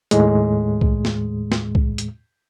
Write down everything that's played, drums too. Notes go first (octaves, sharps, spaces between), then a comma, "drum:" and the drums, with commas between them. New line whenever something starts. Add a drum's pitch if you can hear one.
D#2 A2 G#3, drum: hi-hat
drum: kick C2
drum: snare
drum: snare
drum: kick C2
drum: hi-hat